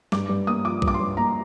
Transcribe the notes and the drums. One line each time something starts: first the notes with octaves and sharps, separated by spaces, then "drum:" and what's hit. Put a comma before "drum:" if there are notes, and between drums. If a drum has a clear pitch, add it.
G2 D6, drum: snare
G2
A#3 D#6
F3 D6
G2, drum: kick B1
D6
C6
G2
A#3 A#5